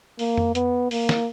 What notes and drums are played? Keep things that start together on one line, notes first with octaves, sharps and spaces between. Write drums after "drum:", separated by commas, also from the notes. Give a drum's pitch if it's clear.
A#3, drum: open hi-hat
drum: tom F2
B3, drum: hi-hat
A#3, drum: open hi-hat
drum: snare